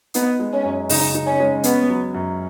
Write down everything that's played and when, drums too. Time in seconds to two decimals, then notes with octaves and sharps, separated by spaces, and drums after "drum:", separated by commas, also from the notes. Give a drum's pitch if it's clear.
0.14 B3 D#4, drum: hi-hat
0.40 G#3
0.53 C#4
0.64 F#2
0.89 C#3 D#4, drum: open hi-hat
1.15 D#4
1.26 C#4
1.40 G#3
1.63 B3 C#4, drum: hi-hat
1.89 F#3
2.14 F#2